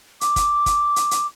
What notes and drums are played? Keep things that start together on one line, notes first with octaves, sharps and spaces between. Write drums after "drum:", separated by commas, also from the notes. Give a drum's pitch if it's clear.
D6, drum: hi-hat
drum: kick, hi-hat
drum: kick, hi-hat
drum: hi-hat
drum: hi-hat